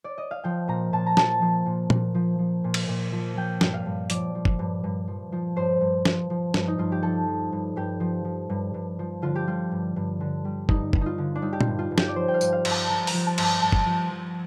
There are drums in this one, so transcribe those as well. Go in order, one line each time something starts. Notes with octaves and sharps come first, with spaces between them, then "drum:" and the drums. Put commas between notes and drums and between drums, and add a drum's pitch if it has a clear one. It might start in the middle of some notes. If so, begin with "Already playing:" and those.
D5
D#5
F5
F3 G5
A#2 A#5
A#2 A5
A#5
F3 A5, drum: snare
F3
A#2
A#2, drum: tom A#2
F3
F3
A#2
drum: cymbal
A#2
F3
F3 G5
G2, drum: snare
F5
G2
F3 D5, drum: hi-hat
F3
drum: kick
G2
G2
F3
F3
G2 C5
G2
F3, drum: snare
F3
G2, drum: snare
D#4
G2 F4
G4
F3 A4
F3
G2
G2 G4
F3
F3
G2
G2
F3
D3 F4
G4
G3 F4
G2
G2
D3
G3
G2 D#4, drum: kick
G2, drum: kick
D#4 F4
D3
D4
G3 D#4
G4
F4, drum: tom A#2
G2
F4
G2
G4, drum: snare
D5
F3 C5
G5
F5
G2, drum: tambourine
F5
G2, drum: cymbal
A5
F3 A#5
A#5, drum: open hi-hat
F3
A5
G2, drum: cymbal
A5
G2 A5
drum: kick
F3
F3